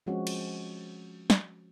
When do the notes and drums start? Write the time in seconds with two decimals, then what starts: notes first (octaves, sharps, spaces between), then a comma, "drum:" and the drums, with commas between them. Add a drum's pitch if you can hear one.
0.06 F3 G#3 C4 C#4 F#4
0.27 drum: cymbal
1.30 drum: snare